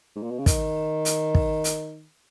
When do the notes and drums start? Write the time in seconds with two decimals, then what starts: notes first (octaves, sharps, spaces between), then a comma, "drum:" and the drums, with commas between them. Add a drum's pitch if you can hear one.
0.16 G#2
0.23 A#2
0.31 B2
0.39 C#3
0.46 D#3, drum: kick, hi-hat
1.05 drum: hi-hat
1.35 drum: kick
1.64 drum: hi-hat